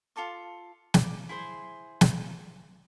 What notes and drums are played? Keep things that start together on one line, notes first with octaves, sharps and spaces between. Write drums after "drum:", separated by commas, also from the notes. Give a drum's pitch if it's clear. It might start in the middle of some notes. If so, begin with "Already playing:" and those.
F4 A4 A5 D6
D5, drum: snare
E4 G#4 C5 G#5
drum: snare